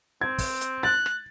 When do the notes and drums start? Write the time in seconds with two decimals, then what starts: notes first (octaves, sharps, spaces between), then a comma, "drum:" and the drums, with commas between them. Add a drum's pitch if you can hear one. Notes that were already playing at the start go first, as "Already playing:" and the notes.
0.21 C4 G#6
0.38 drum: kick, open hi-hat
0.61 drum: hi-hat
0.83 F#6 A6
1.06 drum: rim click